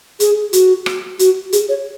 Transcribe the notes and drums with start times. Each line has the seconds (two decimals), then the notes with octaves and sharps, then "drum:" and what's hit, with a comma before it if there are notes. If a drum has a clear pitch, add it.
0.20 G#4, drum: hi-hat
0.53 F#4, drum: hi-hat
0.86 drum: rim click
1.19 F#4, drum: hi-hat
1.52 G#4, drum: hi-hat
1.69 C#5